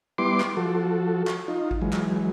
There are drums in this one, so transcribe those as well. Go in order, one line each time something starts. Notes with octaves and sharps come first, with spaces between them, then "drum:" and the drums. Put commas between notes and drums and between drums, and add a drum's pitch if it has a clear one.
G3 B3 E4 C6 D6
drum: clap
F3 F#4 A4
drum: clap
D#4 F4
drum: kick G#1
E3 F#3 G#3
drum: clap